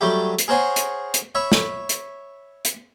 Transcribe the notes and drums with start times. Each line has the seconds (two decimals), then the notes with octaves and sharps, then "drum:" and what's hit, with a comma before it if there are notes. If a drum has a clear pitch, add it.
0.01 F#3 G3 A3 G4
0.39 drum: hi-hat
0.48 G#4 A#4 C5 C#5 F#5 G#5
0.76 drum: hi-hat
1.14 drum: hi-hat
1.35 C#5 E5 B5
1.52 drum: snare
1.89 drum: hi-hat
2.65 drum: hi-hat